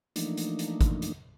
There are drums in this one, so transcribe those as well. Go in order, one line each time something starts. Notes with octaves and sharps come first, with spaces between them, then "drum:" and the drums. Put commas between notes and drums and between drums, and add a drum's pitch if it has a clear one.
E3 F3 A3 A#3 D4 D#4, drum: hi-hat
drum: hi-hat
drum: hi-hat
drum: kick, hi-hat
drum: hi-hat